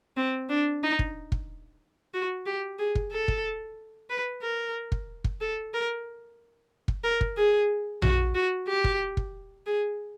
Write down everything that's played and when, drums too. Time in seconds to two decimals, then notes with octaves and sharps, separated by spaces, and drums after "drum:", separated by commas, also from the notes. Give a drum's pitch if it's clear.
0.17 C4
0.49 D4
0.83 D#4
0.99 drum: kick
1.32 drum: kick
2.14 F#4
2.46 G4
2.79 G#4
2.95 drum: kick
3.12 A4
3.28 drum: kick
4.10 B4
4.42 A#4
4.92 drum: kick
5.24 drum: kick
5.41 A4
5.74 A#4
6.88 drum: kick
7.04 A#4
7.21 drum: kick
7.37 G#4
8.02 F#4, drum: tom A#1
8.35 F#4
8.68 G4
8.84 drum: kick
9.17 drum: kick
9.66 G#4